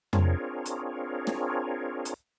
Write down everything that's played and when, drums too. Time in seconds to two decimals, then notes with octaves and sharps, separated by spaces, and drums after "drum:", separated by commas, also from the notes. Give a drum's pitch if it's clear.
0.13 C4 D4 F4 G#4 A#4 C#5, drum: tom F2
0.65 drum: hi-hat
1.27 drum: snare
2.05 drum: hi-hat